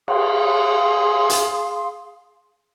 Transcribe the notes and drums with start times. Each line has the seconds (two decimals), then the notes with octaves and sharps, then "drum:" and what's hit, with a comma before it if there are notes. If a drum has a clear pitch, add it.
0.08 G#4 F5 C6 D#6, drum: cymbal
1.30 drum: hi-hat